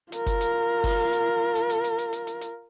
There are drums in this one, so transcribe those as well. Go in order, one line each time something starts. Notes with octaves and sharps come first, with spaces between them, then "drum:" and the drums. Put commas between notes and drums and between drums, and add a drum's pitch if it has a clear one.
F4 A#4, drum: hi-hat
drum: kick F#1, hi-hat
drum: hi-hat
drum: kick F#1, open hi-hat
drum: hi-hat
drum: hi-hat
drum: hi-hat
drum: hi-hat
drum: hi-hat
drum: hi-hat
drum: hi-hat
drum: hi-hat